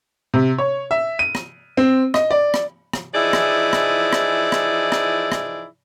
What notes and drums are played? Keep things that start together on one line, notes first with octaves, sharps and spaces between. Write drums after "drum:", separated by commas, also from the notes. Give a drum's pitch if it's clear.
C3
C#5
E5
D#7
drum: rim click
C4
D#5, drum: rim click
D5
drum: rim click
drum: rim click
E3 F3 D#4 E4 G#4 D5
drum: rim click
drum: rim click
drum: rim click
drum: rim click
drum: rim click
drum: rim click